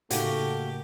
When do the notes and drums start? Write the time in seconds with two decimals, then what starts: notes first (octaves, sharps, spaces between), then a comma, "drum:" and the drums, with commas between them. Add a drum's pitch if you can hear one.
0.10 A2 C#3 A3 A#3 D#4 F#4 G4, drum: hi-hat